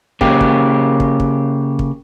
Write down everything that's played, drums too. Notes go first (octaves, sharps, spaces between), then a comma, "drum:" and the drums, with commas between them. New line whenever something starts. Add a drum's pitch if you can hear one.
C#3 A#3 G4, drum: kick
drum: kick
drum: kick
drum: kick
drum: kick